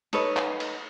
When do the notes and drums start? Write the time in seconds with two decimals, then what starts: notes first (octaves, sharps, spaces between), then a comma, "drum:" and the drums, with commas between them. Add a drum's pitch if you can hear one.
0.13 D#4 A4 B4 C#5, drum: cymbal
0.37 drum: clap
0.60 drum: cymbal